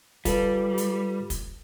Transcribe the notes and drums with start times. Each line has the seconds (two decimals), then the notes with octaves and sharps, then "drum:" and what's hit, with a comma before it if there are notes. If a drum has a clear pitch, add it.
0.25 G3 F4 A4 B4, drum: kick, hi-hat
0.78 drum: hi-hat
1.30 drum: kick, hi-hat